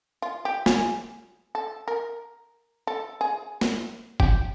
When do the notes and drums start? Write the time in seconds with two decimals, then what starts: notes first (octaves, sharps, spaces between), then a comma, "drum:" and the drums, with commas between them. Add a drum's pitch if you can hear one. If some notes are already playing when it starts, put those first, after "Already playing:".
0.22 F4
0.45 G4
0.66 G#4, drum: snare
1.55 A4
1.88 A#4
2.87 A4
3.21 G#4
3.61 drum: snare
4.20 G4, drum: kick G1